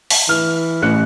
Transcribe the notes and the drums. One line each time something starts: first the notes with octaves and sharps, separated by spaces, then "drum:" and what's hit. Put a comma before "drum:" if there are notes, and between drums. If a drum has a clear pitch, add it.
drum: open hi-hat
E3 F6
A1 F#6 C#7